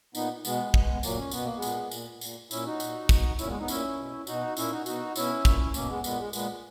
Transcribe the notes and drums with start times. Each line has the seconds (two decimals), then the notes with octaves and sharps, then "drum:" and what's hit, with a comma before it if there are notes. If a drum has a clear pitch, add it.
0.15 A#2 B3 D#4, drum: tambourine
0.45 B2 G#3 B3, drum: tambourine
0.74 B2, drum: kick
1.03 A#2 F#3 A#3, drum: tambourine
1.18 C#4
1.31 B2 B3, drum: tambourine
1.45 A#3
1.56 G#3 B3
1.62 A#2, drum: tambourine
1.91 A#2, drum: tambourine
2.21 A#2, drum: tambourine
2.51 A#2 C#4 E4, drum: tambourine
2.66 D#4 F#4
2.80 A#2, drum: tambourine
3.09 B2, drum: kick, tambourine
3.39 A#2 C#4 E4, drum: tambourine
3.48 G#3 B3
3.59 B3 D#4
3.68 A#2 C#4 E4, drum: tambourine
3.98 B2
4.27 B2 D#4 F#4, drum: tambourine
4.57 A#2 C#4 E4, drum: tambourine
4.71 D#4 F#4
4.86 B2 D#4 F#4, drum: tambourine
5.16 B2 C#4 E4, drum: tambourine
5.45 A#2, drum: kick, tambourine
5.74 B2 A#3 C#4, drum: tambourine
5.89 G#3 B3
6.04 A#2 G#3 B3, drum: tambourine
6.19 G#3
6.33 A#2 G#3 B3, drum: tambourine